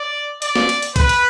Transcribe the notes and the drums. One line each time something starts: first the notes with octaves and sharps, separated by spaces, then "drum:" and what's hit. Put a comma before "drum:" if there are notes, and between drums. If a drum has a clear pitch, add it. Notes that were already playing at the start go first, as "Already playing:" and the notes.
Already playing: D5
D5, drum: hi-hat
drum: snare
drum: hi-hat
drum: hi-hat
B4, drum: kick, hi-hat
drum: hi-hat